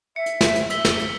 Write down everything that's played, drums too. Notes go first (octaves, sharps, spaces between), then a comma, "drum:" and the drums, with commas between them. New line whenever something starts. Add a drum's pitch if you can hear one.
E5 C#7
drum: hi-hat
drum: snare
drum: hi-hat
E6 B6 G7, drum: hi-hat
drum: snare
drum: hi-hat